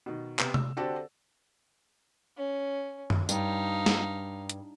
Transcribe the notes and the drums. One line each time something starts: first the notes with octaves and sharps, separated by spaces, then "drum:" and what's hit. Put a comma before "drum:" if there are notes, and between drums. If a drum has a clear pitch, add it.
B2 D#3
C3 B3 G4, drum: clap
E6, drum: tom C3
D3 C4 D4 F#4 G4 A4
C#4
drum: tom F#2
G2 D#4 F5, drum: tambourine
drum: snare
drum: hi-hat